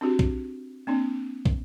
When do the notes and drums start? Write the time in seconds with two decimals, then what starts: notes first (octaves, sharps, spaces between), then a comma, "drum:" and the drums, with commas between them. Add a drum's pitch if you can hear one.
0.01 C4 D4 F#4 G4
0.19 drum: kick
0.87 A#3 C4 D4
1.46 drum: kick